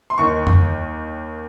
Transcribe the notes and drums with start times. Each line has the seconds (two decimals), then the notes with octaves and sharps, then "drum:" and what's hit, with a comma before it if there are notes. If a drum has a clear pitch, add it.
0.10 C6
0.18 D#2 D#3 C#6
0.47 drum: tom F2